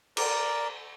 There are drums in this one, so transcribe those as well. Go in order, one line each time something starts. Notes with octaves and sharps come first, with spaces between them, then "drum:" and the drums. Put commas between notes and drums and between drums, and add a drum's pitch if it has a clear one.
A#4 D5, drum: cymbal